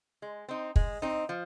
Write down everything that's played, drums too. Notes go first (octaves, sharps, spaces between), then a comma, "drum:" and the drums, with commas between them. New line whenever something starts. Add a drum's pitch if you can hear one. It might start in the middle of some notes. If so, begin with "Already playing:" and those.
G#3
C4 D#4
G#3, drum: kick
C4 D#4
F3